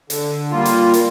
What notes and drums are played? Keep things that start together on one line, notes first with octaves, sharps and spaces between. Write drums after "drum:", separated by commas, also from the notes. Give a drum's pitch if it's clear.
D3, drum: hi-hat
G3 A#3 F4
drum: hi-hat
drum: hi-hat